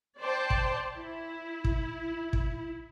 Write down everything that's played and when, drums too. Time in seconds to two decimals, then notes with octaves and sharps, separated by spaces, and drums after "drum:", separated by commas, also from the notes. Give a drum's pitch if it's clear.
0.19 C5 D5 G5 A5
0.50 drum: kick
0.96 E4
1.64 drum: kick
2.33 drum: kick